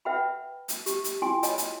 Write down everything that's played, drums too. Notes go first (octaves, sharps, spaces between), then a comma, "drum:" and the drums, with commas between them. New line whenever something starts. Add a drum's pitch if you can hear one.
B4 E5 F#5 G5 B5
drum: hi-hat
G4, drum: hi-hat
drum: hi-hat
E4 F4 G5 G#5 C6
C#5 D#5 G#5 B5, drum: hi-hat
drum: hi-hat